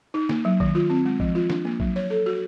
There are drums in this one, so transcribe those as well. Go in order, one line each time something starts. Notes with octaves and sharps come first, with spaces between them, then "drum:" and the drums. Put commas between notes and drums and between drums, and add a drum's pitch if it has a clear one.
D#4
A#3, drum: snare
F#3
D#3, drum: kick A#1
F4
C4
G#3
F3, drum: kick A#1
F4
D4, drum: snare
A#3
F#3, drum: kick A#1
C#5
A4
F#4